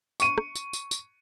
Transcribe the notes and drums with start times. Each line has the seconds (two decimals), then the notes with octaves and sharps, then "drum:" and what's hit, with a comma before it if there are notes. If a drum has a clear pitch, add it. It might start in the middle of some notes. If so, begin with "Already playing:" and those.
0.20 C#6 D#7, drum: tambourine
0.38 drum: rim click
0.55 drum: tambourine
0.73 drum: tambourine
0.91 drum: tambourine